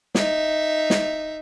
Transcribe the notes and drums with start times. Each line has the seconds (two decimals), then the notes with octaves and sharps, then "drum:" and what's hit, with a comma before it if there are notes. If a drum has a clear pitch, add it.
0.15 D#4 E5, drum: snare
0.90 drum: snare